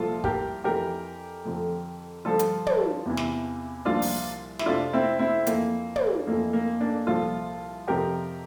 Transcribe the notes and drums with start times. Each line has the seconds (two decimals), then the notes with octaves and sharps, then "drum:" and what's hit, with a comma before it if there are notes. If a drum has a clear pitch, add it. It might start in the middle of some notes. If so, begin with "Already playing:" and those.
Already playing: C2 A#2 F3 F4 A4
0.24 G4 A#4, drum: kick
0.64 F2 E3 G4 A#4
1.45 F2 D3 F3
2.25 G2 D3 F3 F4 A4
2.39 drum: hi-hat
2.67 drum: tom
3.06 E2 C3 E3
3.17 drum: snare
3.85 C2 A#2 F3 D4 F4
4.02 drum: open hi-hat
4.59 E4, drum: snare
4.66 F2 C3 F3 D4 F4
4.93 C4 E4
5.19 C4 E4
5.47 F2 E3 A#3, drum: hi-hat
5.96 drum: tom
6.27 F2 E3 A#3
6.53 A#3
6.80 A#3 D4
7.07 C2 A#2 F3 F4 A4
7.87 F2 C3 F3 G4 A#4